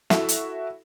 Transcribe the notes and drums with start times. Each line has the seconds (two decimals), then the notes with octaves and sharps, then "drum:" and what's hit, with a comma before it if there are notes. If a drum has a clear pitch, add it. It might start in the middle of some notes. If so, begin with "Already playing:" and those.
0.10 E4 F#4 A4 E5, drum: snare
0.29 drum: hi-hat